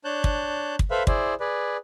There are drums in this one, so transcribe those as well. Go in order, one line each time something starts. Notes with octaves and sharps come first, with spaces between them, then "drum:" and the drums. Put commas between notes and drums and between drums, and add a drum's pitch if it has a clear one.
D4 C#5 A5 F#6 G6
drum: kick
drum: kick
A4 B4 C5 E5 F5 B5
E4 G#4 C5 D5, drum: kick
G#4 B4 D5